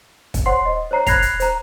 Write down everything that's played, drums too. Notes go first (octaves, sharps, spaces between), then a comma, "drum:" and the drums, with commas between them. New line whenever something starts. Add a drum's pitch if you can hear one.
drum: kick, hi-hat
C5 C#5 F#5 C6 C7
D#5
C5 C#5 A#5 C7
B5 F#6 G#6 A#6 C7 F7, drum: kick, hi-hat
drum: hi-hat
C5 A#5, drum: hi-hat